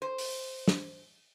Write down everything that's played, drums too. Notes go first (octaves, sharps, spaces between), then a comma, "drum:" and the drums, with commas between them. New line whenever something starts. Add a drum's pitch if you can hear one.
C5
drum: open hi-hat
drum: snare